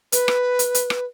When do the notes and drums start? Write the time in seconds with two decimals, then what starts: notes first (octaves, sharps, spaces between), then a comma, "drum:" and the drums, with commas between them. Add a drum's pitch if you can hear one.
0.12 B4, drum: hi-hat
0.28 drum: rim click
0.59 drum: hi-hat
0.75 drum: hi-hat
0.90 drum: rim click